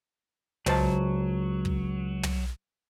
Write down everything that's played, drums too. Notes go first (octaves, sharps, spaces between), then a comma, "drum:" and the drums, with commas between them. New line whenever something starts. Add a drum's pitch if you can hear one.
C#2 F#3 C5 A5, drum: tom
drum: kick
drum: tom